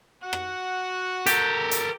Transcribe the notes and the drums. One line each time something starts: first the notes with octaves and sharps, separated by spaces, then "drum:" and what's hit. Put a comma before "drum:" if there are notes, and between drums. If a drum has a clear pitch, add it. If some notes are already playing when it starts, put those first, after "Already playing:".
F#4 F#5
drum: rim click
G4 A4 A#4, drum: hi-hat
drum: hi-hat